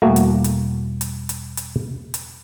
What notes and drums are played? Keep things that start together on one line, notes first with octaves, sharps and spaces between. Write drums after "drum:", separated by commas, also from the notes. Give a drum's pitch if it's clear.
E2 B2 G3 A3 A#3 F#4
drum: hi-hat
drum: hi-hat
drum: hi-hat
drum: hi-hat
drum: hi-hat
drum: hi-hat